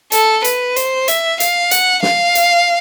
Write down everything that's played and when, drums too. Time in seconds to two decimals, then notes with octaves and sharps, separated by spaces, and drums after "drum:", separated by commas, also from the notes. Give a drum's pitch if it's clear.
0.12 A4, drum: hi-hat
0.44 B4, drum: hi-hat
0.76 C5, drum: hi-hat
1.08 E5, drum: hi-hat
1.40 F5, drum: hi-hat
1.71 F#5, drum: hi-hat
2.03 F5, drum: snare
2.35 drum: hi-hat